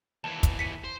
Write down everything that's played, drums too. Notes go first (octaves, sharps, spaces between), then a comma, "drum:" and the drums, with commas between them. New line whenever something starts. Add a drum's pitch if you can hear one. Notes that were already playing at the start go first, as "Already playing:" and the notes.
D#2 E3 A5
drum: kick, hi-hat
B6 C#7 D#7
C5